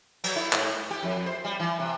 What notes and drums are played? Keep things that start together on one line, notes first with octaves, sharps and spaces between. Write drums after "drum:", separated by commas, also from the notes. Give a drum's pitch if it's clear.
F#3, drum: cymbal
E4
G#2, drum: clap
G4
F2
C5
G3
E3
C3